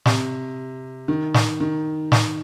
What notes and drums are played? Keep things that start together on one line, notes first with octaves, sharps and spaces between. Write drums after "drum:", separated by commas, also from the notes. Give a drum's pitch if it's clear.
C3, drum: snare
D#3
drum: snare
D#3
drum: snare